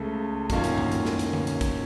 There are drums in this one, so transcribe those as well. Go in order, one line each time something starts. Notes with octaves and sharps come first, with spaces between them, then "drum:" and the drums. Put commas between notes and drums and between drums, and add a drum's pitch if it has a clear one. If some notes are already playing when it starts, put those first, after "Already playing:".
Already playing: C#2 C#3 A3
F#2 D#3 A#3 C#4 F4, drum: kick, hi-hat
drum: hi-hat
drum: tom G#2
drum: hi-hat
drum: snare
drum: hi-hat
drum: tom D3
drum: hi-hat
drum: kick, hi-hat